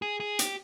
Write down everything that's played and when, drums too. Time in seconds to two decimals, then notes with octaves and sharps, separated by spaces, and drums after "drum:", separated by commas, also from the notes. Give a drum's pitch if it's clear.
0.02 G#4
0.20 G#4
0.39 G4, drum: hi-hat